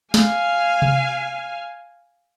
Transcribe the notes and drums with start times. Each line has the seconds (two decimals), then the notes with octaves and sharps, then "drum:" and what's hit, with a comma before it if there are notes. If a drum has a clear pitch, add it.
0.14 F5 G#5, drum: snare
0.82 drum: tom C3